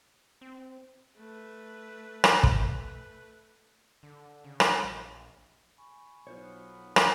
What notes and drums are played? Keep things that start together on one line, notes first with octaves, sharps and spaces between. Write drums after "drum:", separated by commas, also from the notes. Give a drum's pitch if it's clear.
C4
A3 B4
drum: rim click
drum: kick
D3
C#3
drum: rim click
A#1
G#5 B5 C#6
B1 F#3 B3 F4 C5 C#5
drum: rim click